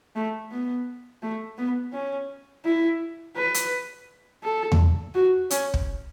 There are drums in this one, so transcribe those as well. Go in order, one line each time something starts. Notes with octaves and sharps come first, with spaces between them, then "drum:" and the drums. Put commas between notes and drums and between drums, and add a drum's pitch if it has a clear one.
A3
B3
A3
B3
C#4
E4
B4
drum: hi-hat
A4
drum: tom E2
F#4
C#4, drum: hi-hat
drum: kick